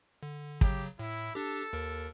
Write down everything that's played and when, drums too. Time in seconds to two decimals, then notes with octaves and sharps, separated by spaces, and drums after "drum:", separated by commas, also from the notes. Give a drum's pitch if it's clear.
0.23 D3
0.61 C#3 F#3 G4, drum: kick
0.99 A2 E4
1.35 D4 G4 A4
1.73 D#2 A#4